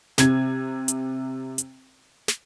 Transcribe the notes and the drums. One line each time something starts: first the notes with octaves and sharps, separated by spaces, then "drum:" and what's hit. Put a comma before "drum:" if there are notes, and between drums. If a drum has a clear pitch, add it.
C3 G#6, drum: snare
drum: hi-hat
drum: hi-hat
drum: snare